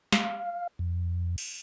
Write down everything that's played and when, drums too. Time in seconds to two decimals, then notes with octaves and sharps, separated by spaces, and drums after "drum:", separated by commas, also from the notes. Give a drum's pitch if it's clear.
0.12 F5, drum: snare
0.79 F2
1.38 drum: cymbal